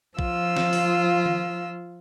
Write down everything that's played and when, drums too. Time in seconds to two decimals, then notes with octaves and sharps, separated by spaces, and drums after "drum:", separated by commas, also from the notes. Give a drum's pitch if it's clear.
0.19 F3 F4 E6, drum: kick
0.57 drum: snare
0.73 drum: open hi-hat
1.26 drum: tom D#3